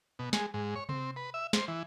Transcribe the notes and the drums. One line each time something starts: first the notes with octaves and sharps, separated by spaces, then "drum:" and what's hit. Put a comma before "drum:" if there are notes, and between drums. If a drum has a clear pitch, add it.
B2
G#3, drum: snare
G#2
C#5
C4, drum: tom C3
B4
E5
C5, drum: snare
E3